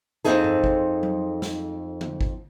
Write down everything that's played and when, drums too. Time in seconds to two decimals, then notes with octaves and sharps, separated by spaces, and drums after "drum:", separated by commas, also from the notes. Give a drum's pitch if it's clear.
0.25 F2 C3 C4 D#4 G#4 A4
0.44 drum: tom G2
0.64 drum: kick
1.03 drum: tom F#3
1.42 drum: snare
2.01 drum: tom D3
2.21 drum: kick